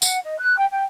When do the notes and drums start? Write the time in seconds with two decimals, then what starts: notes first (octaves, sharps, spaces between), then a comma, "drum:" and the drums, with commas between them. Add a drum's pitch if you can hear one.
0.02 F#5, drum: tambourine
0.24 D#5
0.39 F#6
0.57 G5
0.70 G5